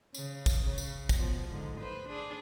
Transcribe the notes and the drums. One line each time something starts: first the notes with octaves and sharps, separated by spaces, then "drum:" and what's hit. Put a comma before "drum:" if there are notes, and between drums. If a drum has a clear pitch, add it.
C#3, drum: tambourine
drum: kick, tambourine
C#3
drum: tambourine
drum: kick, tambourine
B2 F3
G#2 D3
B4 C5
D4 G#4